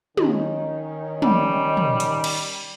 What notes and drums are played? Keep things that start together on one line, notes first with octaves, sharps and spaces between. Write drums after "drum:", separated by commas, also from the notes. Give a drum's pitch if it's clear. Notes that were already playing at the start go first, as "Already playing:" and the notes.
D#3 C#4 D#4, drum: tom
G3, drum: tom
drum: tom
drum: hi-hat
drum: cymbal